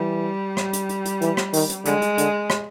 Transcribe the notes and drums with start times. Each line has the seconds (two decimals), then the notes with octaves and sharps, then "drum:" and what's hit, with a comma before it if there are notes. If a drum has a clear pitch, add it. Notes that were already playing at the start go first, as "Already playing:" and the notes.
Already playing: E3 G3
0.57 drum: rim click
0.73 drum: hi-hat
0.89 drum: hi-hat
1.05 drum: hi-hat
1.21 E3, drum: hi-hat
1.37 drum: rim click
1.53 D#3, drum: open hi-hat
1.69 drum: hi-hat
1.85 D3 G#3, drum: hi-hat
2.01 drum: hi-hat
2.18 D3, drum: hi-hat
2.50 drum: rim click